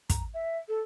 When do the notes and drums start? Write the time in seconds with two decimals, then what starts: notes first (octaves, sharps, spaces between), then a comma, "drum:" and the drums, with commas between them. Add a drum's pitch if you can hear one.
0.10 A#5, drum: kick, hi-hat
0.33 E5
0.68 A4